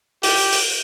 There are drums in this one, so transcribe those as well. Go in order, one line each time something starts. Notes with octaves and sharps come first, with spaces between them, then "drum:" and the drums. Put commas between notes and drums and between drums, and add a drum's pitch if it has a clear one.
G4, drum: open hi-hat
drum: open hi-hat